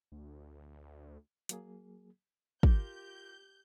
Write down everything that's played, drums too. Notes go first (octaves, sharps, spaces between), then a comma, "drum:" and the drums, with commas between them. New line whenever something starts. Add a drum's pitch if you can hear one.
D2
F#3 A#3 G#4, drum: hi-hat
F4 G4 A#4 D6 G6, drum: kick